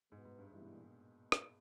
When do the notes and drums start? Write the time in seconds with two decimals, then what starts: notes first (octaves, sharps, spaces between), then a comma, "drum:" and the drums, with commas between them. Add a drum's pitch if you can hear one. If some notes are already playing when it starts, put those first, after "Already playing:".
0.12 G#2 B2 G#3 B3
0.25 G#2
0.38 G2
0.52 G#2 E3 G3 B3 E4
0.62 B2
0.72 A#2
1.32 drum: rim click